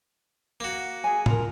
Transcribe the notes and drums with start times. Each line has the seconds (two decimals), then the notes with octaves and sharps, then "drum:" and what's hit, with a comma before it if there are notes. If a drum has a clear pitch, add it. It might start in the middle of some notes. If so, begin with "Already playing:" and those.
0.60 A#3 F#4
1.04 G#4 G#5
1.26 F4 A#4, drum: tom